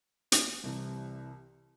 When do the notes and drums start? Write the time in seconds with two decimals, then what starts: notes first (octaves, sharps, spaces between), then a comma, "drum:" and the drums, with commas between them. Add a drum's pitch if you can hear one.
0.32 drum: hi-hat
0.64 C2 C3 E3